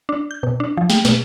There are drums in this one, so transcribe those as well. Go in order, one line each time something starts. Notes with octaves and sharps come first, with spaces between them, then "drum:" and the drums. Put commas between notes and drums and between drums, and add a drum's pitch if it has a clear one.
D4
G6
B2
D4
F3
G5, drum: snare
B2, drum: snare